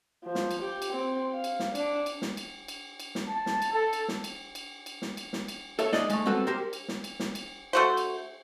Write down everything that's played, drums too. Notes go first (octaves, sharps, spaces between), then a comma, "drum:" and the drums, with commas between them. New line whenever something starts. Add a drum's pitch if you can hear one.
F3
drum: snare
drum: cymbal
G4
drum: cymbal
C4
F5
drum: cymbal
drum: snare
D4, drum: cymbal
drum: cymbal
drum: snare
drum: cymbal
drum: cymbal
drum: cymbal
drum: snare
A5
drum: snare
drum: cymbal
A4
drum: cymbal
drum: snare
drum: cymbal
drum: cymbal
drum: cymbal
drum: snare
drum: cymbal
drum: snare
drum: cymbal
A4 C#5 E5, drum: cymbal
G#3 D#4 D5 D#5, drum: snare
G#3 A3, drum: cymbal
G3 C4 F#4 A4 B4
G4 A#4 C5
drum: cymbal
drum: snare
drum: cymbal
drum: snare
drum: cymbal
A3 F#4 C5
drum: cymbal